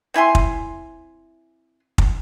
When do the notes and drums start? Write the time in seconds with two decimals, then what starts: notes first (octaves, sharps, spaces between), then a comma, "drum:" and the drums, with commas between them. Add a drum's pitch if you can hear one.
0.14 C4 E4 G#5 C6
0.35 drum: kick
1.98 drum: kick